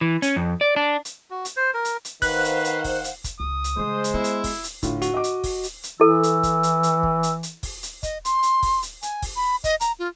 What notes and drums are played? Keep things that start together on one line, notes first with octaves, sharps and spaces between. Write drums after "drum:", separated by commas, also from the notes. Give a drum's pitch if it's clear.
E3
C#4, drum: hi-hat
F2
D5
D4
drum: hi-hat
F#4
drum: hi-hat
C5
A#4
drum: hi-hat
drum: hi-hat
D#3 B4 C5 F5 F#5 F#6, drum: kick, open hi-hat
drum: hi-hat
drum: hi-hat
drum: kick, open hi-hat
drum: hi-hat
drum: kick, hi-hat
C#2 D#6
drum: hi-hat
C#3 G3 G#3 C5
drum: hi-hat
B3 E4
drum: hi-hat
drum: kick, open hi-hat
drum: hi-hat
A2 D3 F4, drum: kick, hi-hat
F#4, drum: hi-hat
D#5 D6
drum: hi-hat
drum: kick, open hi-hat
drum: hi-hat
drum: hi-hat
E3 E4 A4 E6
drum: hi-hat
drum: kick, hi-hat
drum: hi-hat
drum: hi-hat
drum: kick
drum: hi-hat
drum: hi-hat
drum: kick, open hi-hat
drum: hi-hat
D#5, drum: kick, hi-hat
C6, drum: hi-hat
drum: hi-hat
drum: kick, open hi-hat
drum: hi-hat
G#5, drum: hi-hat
drum: kick, open hi-hat
B5
D#5, drum: kick, hi-hat
A#5, drum: hi-hat
F4